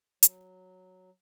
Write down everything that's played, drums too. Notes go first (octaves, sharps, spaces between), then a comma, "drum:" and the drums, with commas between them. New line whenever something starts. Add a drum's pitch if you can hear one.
F#3, drum: hi-hat